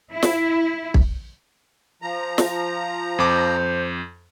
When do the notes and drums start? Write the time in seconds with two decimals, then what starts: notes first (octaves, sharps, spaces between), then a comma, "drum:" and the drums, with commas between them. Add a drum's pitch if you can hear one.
0.12 E4
0.23 drum: snare
0.94 drum: kick
2.02 F3 A#5
2.38 drum: snare
3.19 F2 C5 D6